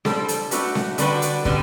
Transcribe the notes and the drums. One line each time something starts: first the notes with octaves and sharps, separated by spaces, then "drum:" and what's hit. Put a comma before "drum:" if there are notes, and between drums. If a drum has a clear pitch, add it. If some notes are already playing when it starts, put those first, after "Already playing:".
G3 D4 A4 C5, drum: snare C4
drum: hi-hat
A3 D4 F#4 B4, drum: hi-hat
drum: snare C4
D3 G3 D4 F#4 B4, drum: hi-hat
drum: hi-hat
D3 G3 B3, drum: kick